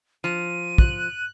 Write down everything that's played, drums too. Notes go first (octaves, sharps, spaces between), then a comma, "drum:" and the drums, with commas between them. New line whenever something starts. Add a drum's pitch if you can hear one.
F3 D#7
F#6, drum: kick